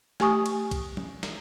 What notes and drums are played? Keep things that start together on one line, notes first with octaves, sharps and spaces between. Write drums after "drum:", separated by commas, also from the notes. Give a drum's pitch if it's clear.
A3 G4 G#5 C#6 D#6, drum: snare
drum: cymbal
drum: kick B1, cymbal
drum: tom
drum: snare